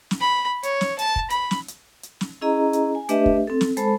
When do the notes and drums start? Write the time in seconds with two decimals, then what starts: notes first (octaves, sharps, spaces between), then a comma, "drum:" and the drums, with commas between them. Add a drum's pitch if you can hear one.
0.11 drum: snare
0.21 B5
0.63 C#5, drum: hi-hat
0.81 drum: snare
0.99 A5, drum: hi-hat
1.16 drum: kick
1.30 B5, drum: hi-hat
1.51 drum: snare
1.68 drum: hi-hat
2.03 drum: hi-hat
2.21 drum: snare
2.41 C#4 E4 G#4 D#5 A#5
2.73 drum: hi-hat
2.95 G#5
3.09 A3 D4 G4 B4 D#5 E5, drum: hi-hat
3.26 drum: kick
3.47 C4 A4
3.61 drum: snare
3.77 G#3 A4 C5 A5 B5, drum: hi-hat